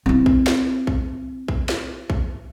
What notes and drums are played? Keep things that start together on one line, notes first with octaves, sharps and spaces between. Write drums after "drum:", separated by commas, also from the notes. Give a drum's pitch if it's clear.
C4 E4
drum: kick A#1
drum: snare
drum: kick A#1
drum: kick A#1
drum: snare
drum: kick A#1